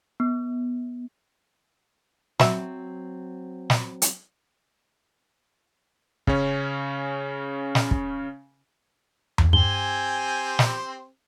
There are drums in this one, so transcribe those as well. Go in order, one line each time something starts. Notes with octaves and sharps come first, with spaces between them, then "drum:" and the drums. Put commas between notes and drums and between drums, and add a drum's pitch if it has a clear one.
B3
F#3 C4 F#4 E5, drum: snare
drum: snare
drum: hi-hat
C#3 C#4, drum: kick
drum: snare
drum: kick
drum: tom E2
G2 C4 G4 C5 G#5 G7
drum: snare